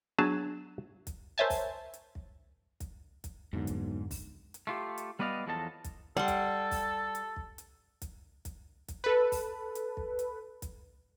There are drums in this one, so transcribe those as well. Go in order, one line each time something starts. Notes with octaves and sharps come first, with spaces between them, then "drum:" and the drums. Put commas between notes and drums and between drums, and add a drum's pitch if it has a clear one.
F#3 B3 D4 G#4 A5 G#6
drum: kick, hi-hat
A#4 C5 C#5 E5 G#5 A5
drum: kick, open hi-hat
drum: hi-hat
drum: kick
drum: kick, hi-hat
drum: kick, hi-hat
B1 F2 G#2 D3
drum: kick, hi-hat
drum: kick, open hi-hat
drum: hi-hat
A3 F4 G4
drum: hi-hat
G3 B3 B4 D5 D#5 F5
E2 F3 F#3 A4 D#5 A5
drum: kick, hi-hat
G3 A4 F#5 C6
drum: kick, hi-hat
drum: kick, open hi-hat
drum: hi-hat
drum: kick
drum: hi-hat
drum: kick, hi-hat
drum: kick, hi-hat
drum: kick, hi-hat
A4 B4
drum: kick, open hi-hat
drum: hi-hat
drum: kick
drum: hi-hat
drum: kick, hi-hat